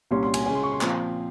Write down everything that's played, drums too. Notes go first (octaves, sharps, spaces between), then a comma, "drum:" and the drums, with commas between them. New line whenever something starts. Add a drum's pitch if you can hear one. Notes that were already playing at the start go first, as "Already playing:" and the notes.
C2 A#2 G3 C#4 C6
C6
G#5, drum: cymbal
C#3 G#3 C#4 G#5
C6
C#6
C6
A#2 F3 C4 F4, drum: clap